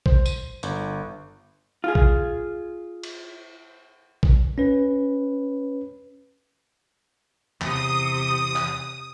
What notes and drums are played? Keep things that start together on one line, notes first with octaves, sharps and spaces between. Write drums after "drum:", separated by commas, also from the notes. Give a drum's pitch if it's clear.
C5, drum: kick
D#7, drum: tambourine
G1, drum: hi-hat
F4 G#4
drum: kick
drum: cymbal
drum: kick
C#4 B4
E2 C3 D#6, drum: clap
drum: clap